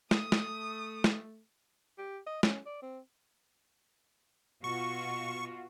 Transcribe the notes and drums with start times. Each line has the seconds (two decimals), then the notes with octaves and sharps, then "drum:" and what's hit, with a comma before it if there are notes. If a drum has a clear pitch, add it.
0.11 A3 D#6, drum: snare
0.32 drum: snare
1.04 drum: snare
1.98 G4
2.27 D#5
2.43 C#4, drum: snare
2.66 D5
2.82 C4
4.64 B2 F4 F#4 C#6